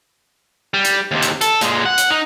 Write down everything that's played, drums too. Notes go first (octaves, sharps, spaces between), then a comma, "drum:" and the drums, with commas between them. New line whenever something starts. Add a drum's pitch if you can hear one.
G3
drum: hi-hat
D#2 C3
drum: hi-hat
A4, drum: hi-hat
A#2 G#3, drum: hi-hat
F#5
drum: hi-hat
D#4